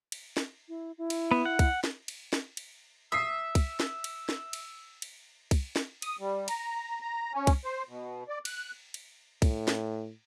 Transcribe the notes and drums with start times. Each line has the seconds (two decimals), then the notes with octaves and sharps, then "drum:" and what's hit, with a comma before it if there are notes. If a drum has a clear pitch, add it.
0.12 drum: cymbal
0.37 drum: snare
0.69 E4
0.98 E4
1.10 drum: cymbal
1.31 B3
1.45 F#5
1.59 drum: kick C2, cymbal
1.84 drum: snare
2.08 drum: cymbal
2.33 drum: snare
2.57 drum: cymbal
3.12 E5 D#6 E6 C7
3.55 drum: kick C2, cymbal
3.80 drum: snare
4.04 drum: cymbal
4.29 drum: snare
4.53 drum: cymbal
5.02 drum: cymbal
5.51 drum: kick C2, cymbal
5.76 drum: snare
6.02 D#6, drum: cymbal
6.19 G3
6.48 A#5, drum: cymbal
7.02 A#5
7.34 C#4
7.47 drum: kick C2, cymbal
7.65 C5
7.89 B2
8.28 D5
8.45 F#6, drum: cymbal
8.94 drum: cymbal
9.42 A2, drum: kick C2, cymbal
9.68 drum: snare